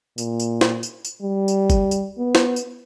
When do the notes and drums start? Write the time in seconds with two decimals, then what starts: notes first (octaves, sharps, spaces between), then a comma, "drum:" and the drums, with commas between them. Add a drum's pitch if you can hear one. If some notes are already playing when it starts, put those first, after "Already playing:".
0.18 A#2, drum: tambourine
0.40 drum: tambourine
0.61 drum: snare
0.83 drum: tambourine
1.05 drum: tambourine
1.22 G3
1.48 drum: tambourine
1.70 drum: kick G1, tambourine
1.91 drum: tambourine
2.18 B3
2.35 drum: snare
2.56 drum: tambourine